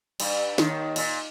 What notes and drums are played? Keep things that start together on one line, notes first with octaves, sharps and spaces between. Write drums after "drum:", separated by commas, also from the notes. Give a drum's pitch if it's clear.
G2 G3, drum: cymbal
D#2 D#3, drum: snare
A#2, drum: cymbal